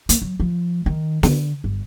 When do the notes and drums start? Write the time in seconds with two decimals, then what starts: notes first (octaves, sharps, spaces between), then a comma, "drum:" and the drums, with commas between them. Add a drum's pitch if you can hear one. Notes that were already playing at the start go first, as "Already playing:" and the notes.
0.09 A#3, drum: hi-hat
0.22 F#3
0.40 F3
0.86 D#3
1.23 D3, drum: snare
1.64 G1